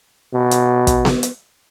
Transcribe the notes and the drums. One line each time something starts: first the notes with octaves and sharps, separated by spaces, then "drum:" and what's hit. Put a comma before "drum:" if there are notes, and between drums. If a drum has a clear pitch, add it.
B2
drum: hi-hat
drum: kick, hi-hat
drum: snare B3
drum: hi-hat